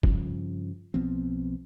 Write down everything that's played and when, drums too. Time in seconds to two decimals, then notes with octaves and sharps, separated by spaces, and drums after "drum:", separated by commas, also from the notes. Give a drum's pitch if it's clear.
0.03 G2 C#3 F3, drum: kick
0.94 B1 F3 B3 C4